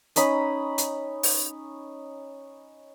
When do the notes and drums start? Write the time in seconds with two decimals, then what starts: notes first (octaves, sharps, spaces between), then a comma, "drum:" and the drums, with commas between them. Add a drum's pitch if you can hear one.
0.16 C#4 D#4 B5 D#6, drum: hi-hat
0.78 drum: hi-hat
1.23 drum: open hi-hat